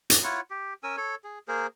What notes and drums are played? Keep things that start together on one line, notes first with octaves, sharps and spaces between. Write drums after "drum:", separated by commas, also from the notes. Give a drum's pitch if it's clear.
drum: hi-hat
E4 F4 C#5 F#5
G4
C#4 A#4 G#5 E6
A4 C#5
G#4
A#3 G#4 A#4 C5